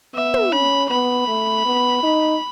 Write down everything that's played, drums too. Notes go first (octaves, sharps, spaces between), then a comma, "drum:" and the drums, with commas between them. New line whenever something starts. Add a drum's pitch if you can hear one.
B3 E5
drum: tom
C#4 B5
B3 B5
A3
B3
D#4